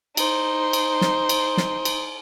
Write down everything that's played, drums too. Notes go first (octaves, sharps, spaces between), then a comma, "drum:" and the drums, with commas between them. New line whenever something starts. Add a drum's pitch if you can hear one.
D#4 C5, drum: cymbal
drum: cymbal
drum: snare
drum: cymbal
drum: snare
drum: cymbal